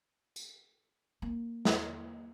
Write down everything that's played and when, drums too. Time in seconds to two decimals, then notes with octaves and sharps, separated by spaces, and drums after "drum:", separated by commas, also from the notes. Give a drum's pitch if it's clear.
0.36 drum: tambourine
1.22 A#3
1.65 drum: snare